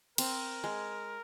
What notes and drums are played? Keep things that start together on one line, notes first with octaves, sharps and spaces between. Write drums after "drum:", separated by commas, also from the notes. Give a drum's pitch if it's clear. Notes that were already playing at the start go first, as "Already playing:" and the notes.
C4 A#4, drum: cymbal
G#3